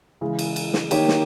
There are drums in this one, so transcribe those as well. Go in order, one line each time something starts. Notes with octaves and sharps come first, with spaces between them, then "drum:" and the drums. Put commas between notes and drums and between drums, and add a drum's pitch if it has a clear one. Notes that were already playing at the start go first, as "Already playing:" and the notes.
C#3 E3 G#3
drum: cymbal
drum: cymbal
drum: snare
D#3 A#3 D#4 G4 C#5, drum: cymbal
drum: snare